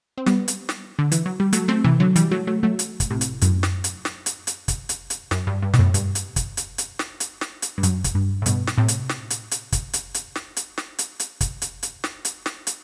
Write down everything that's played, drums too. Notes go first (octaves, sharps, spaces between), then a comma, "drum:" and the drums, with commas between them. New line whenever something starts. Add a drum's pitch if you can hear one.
C4
G3 B3, drum: snare
drum: hi-hat
drum: snare
D3
E3, drum: hi-hat
F#3
G3
F#3 A3, drum: hi-hat
A3 C4
C3 E3
D3 F#3
E3 G3, drum: hi-hat
F#3 A3
F#3 A3
F#3 A3
drum: hi-hat
drum: kick, hi-hat
A2 C3
drum: hi-hat
F#2 A2, drum: hi-hat
drum: snare
drum: hi-hat
drum: snare
drum: hi-hat
drum: hi-hat
drum: kick, hi-hat
drum: hi-hat
drum: hi-hat
F#2, drum: snare
G2
G2
B2, drum: snare
F#2 A2
G2, drum: hi-hat
drum: hi-hat
drum: kick, hi-hat
drum: hi-hat
drum: hi-hat
drum: snare
drum: hi-hat
drum: snare
drum: hi-hat
G2
F#2, drum: hi-hat
drum: kick, hi-hat
G2
A2
G2 B2, drum: hi-hat
drum: snare
A2 C3
drum: hi-hat
drum: snare
drum: hi-hat
drum: hi-hat
drum: kick, hi-hat
drum: hi-hat
drum: hi-hat
drum: snare
drum: hi-hat
drum: snare
drum: hi-hat
drum: hi-hat
drum: kick, hi-hat
drum: hi-hat
drum: hi-hat
drum: snare
drum: hi-hat
drum: snare
drum: hi-hat